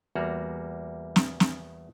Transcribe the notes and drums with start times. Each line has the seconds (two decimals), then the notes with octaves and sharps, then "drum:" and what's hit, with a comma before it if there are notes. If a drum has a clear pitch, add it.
0.15 E2 G3 A#3 F#4 A#5
1.16 drum: snare
1.40 drum: snare